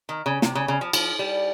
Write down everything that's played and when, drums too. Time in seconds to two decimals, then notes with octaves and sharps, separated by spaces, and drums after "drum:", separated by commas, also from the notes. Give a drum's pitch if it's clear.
0.09 D#3
0.26 C#3
0.42 C3, drum: snare
0.55 C#3
0.68 C#3
0.81 F3
0.93 F3, drum: cymbal
1.19 G3